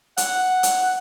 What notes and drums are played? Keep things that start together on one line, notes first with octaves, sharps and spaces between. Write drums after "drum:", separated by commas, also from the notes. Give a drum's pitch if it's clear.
F#5, drum: hi-hat
drum: hi-hat